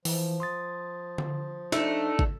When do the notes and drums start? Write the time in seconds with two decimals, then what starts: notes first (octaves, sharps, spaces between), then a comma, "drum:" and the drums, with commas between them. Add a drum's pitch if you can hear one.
0.05 E3 F3, drum: open hi-hat
0.40 C6 D#6 A6
1.18 drum: tom D3
1.72 A3 D4 D#4, drum: snare
2.19 drum: kick